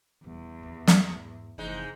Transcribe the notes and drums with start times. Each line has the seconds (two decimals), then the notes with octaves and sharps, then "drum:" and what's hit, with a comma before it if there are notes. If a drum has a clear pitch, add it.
0.24 D#1 E2
0.59 A1 D#2
0.87 drum: snare
1.12 G#2
1.58 F1 G#2 E3 G#3 D#4